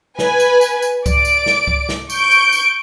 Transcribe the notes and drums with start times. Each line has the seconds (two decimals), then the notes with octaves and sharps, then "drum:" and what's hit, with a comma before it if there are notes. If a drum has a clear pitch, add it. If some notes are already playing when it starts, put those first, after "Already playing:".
0.19 B4 G#5, drum: snare
0.40 drum: tambourine
0.61 drum: tambourine
0.82 drum: tambourine
1.06 D5 D7, drum: kick C#2, tambourine
1.25 drum: tambourine
1.46 drum: snare
1.67 drum: kick C#2
1.89 drum: snare
2.10 C#6 G6 D7, drum: tambourine
2.31 drum: tambourine
2.52 drum: tambourine